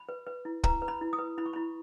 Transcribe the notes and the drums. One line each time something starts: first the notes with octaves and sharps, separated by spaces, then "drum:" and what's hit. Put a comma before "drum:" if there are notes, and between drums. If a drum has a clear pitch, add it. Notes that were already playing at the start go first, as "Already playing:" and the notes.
Already playing: B5
B4
B4
E4
B4 A#5, drum: kick
B4
B5
E4
D#6
B4
E4 B5
C#6
E4 B5